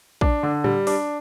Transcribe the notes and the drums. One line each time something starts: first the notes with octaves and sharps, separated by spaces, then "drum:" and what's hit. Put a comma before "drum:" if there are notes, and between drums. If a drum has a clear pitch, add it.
D4, drum: kick
D3
G3, drum: tom A2
D4, drum: open hi-hat